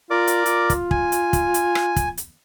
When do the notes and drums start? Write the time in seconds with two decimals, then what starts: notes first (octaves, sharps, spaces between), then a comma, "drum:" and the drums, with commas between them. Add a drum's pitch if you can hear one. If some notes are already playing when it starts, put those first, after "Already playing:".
0.11 F4 A#4 D5 D6
0.27 drum: hi-hat
0.46 F4, drum: hi-hat
0.70 drum: kick, hi-hat
0.91 G#5, drum: kick
1.12 drum: hi-hat
1.33 drum: kick, hi-hat
1.54 drum: hi-hat
1.75 drum: rim click
1.96 drum: kick, hi-hat
2.18 drum: hi-hat